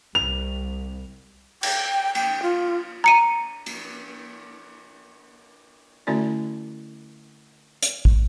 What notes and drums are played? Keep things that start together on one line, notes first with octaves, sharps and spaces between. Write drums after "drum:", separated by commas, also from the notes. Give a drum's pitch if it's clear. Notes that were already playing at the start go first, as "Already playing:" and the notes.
C2 F7
G5, drum: cymbal
G5, drum: cymbal
F4
A#5 C#7 D#7
drum: cymbal
D3 A3 C#4 E4 F#4 D5
drum: hi-hat
drum: kick